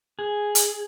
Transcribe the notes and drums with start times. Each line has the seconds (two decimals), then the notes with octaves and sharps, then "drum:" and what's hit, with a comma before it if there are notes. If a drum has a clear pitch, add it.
0.19 G#4
0.55 drum: hi-hat